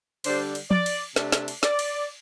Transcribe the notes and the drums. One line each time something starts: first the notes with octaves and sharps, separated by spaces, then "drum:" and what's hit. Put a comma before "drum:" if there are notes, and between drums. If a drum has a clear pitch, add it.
D3 G3 D4 C5, drum: cymbal
drum: cymbal
D5, drum: tom F3
drum: cymbal
C3 A3 D4, drum: snare
drum: snare
drum: cymbal
D5, drum: snare
drum: cymbal